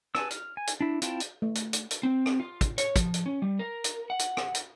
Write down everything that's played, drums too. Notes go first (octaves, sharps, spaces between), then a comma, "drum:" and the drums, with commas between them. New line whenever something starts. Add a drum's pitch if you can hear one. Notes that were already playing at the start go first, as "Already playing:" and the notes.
B4 G#5 A5 E6, drum: rim click
F6, drum: hi-hat
G#5
drum: hi-hat
D4 E4
C4 E4 F4 G5 A5, drum: hi-hat
drum: hi-hat
A3
drum: hi-hat
drum: hi-hat
drum: hi-hat
C4
drum: rim click
F4
drum: kick, hi-hat
C#5, drum: hi-hat
F3, drum: kick, hi-hat
drum: hi-hat
C#4
G3
A#4
drum: hi-hat
F#5
drum: hi-hat
drum: rim click
drum: hi-hat